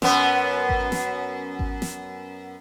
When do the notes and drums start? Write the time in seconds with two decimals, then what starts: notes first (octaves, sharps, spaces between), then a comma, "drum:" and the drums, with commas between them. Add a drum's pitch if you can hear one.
0.02 F#2 B3, drum: snare
0.69 drum: kick G#1
0.92 drum: snare
1.59 drum: kick G#1
1.82 drum: snare